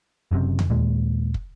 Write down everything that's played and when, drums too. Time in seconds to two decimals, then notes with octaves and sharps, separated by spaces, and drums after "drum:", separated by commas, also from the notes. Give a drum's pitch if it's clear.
0.31 F#1 F#2 C3
0.59 drum: tom E2
0.70 D#2 A#2 G#3
1.34 drum: kick